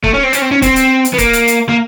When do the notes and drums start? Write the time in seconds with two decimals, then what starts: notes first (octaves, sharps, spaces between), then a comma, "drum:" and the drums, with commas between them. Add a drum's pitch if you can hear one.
0.04 A3, drum: kick C#1
0.14 C#4
0.24 C4
0.33 C#4, drum: hi-hat
0.42 C4
0.52 C#4
0.62 C4, drum: kick C#1, hi-hat
0.76 drum: hi-hat
1.05 drum: hi-hat
1.14 B3
1.18 A#3, drum: kick C#1, hi-hat
1.33 drum: hi-hat
1.48 drum: hi-hat
1.69 A#3